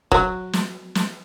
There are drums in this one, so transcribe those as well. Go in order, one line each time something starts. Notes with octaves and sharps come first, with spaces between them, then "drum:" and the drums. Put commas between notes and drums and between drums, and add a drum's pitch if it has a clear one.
F#3, drum: kick
drum: snare
drum: snare